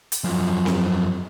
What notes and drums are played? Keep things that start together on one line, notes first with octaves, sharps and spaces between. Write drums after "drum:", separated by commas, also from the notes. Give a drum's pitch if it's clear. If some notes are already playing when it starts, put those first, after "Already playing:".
drum: hi-hat
F#2 F3
drum: snare C4